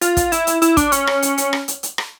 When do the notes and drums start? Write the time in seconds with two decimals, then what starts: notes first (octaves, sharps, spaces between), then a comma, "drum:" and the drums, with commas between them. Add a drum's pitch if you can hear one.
0.01 F4, drum: hi-hat
0.17 drum: kick, hi-hat
0.32 E4, drum: hi-hat
0.47 drum: hi-hat
0.62 E4, drum: hi-hat
0.77 D4, drum: kick, hi-hat
0.92 C#4, drum: hi-hat
1.07 drum: rim click
1.22 drum: hi-hat
1.38 drum: hi-hat
1.53 drum: rim click
1.68 drum: hi-hat
1.83 drum: hi-hat
1.98 drum: rim click